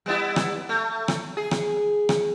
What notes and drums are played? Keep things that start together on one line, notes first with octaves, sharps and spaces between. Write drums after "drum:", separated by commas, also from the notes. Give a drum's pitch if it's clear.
G3 B3 E4
drum: rim click
A3
drum: rim click
G#4
drum: rim click
drum: rim click